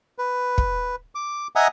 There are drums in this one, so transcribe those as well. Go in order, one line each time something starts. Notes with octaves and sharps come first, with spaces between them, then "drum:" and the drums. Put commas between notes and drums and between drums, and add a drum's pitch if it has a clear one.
B4
drum: kick
D6
D#5 E5 F#5 G#5 A#5 D#6